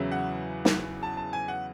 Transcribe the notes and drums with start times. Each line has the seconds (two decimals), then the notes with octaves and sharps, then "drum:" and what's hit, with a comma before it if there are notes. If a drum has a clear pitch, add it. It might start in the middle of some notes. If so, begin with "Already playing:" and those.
Already playing: E2 C#3 F#3 C#4 E4
0.11 F#5
0.65 drum: snare
1.03 A5
1.17 A5
1.33 G#5
1.48 F#5